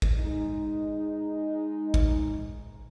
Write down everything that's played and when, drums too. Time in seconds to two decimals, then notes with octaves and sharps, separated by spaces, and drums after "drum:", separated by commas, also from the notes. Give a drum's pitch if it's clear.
0.02 drum: kick
0.18 G#3 D#4
1.94 drum: kick